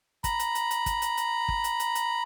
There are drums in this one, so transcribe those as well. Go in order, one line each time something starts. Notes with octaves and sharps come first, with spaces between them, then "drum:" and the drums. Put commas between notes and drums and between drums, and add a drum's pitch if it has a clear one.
A#5 B5, drum: kick, hi-hat
drum: hi-hat
drum: hi-hat
drum: hi-hat
drum: kick, hi-hat
drum: hi-hat
drum: hi-hat
drum: kick
drum: hi-hat
drum: hi-hat
drum: hi-hat